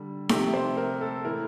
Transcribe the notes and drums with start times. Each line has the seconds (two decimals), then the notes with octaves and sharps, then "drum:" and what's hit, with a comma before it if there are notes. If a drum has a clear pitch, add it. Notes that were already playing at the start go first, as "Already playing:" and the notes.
Already playing: D3 G3
0.29 C3 F3 A3 G4, drum: snare D#4
0.54 C5
0.77 A#4
1.01 A4
1.25 A2 E3 A3 A#4